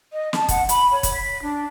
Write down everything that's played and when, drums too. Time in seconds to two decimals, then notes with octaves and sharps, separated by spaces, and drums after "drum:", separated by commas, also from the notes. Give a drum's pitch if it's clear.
0.12 D#5
0.33 A5, drum: snare
0.49 F#5, drum: kick, hi-hat
0.69 B5, drum: hi-hat
0.91 C#5
1.03 drum: kick, hi-hat
1.13 B6
1.42 D4